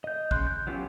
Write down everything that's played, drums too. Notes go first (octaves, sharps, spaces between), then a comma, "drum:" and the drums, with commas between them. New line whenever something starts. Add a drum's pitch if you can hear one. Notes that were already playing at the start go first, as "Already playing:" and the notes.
D#5 G6
C#3 C6 F#6, drum: kick A1
G6
F#3 B3 C#4 F4 G4